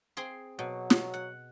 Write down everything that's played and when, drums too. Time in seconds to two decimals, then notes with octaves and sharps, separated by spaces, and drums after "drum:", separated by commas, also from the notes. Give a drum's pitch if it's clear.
0.17 C4 G#4 C6
0.59 B2 F#3
0.90 drum: snare
1.14 F#5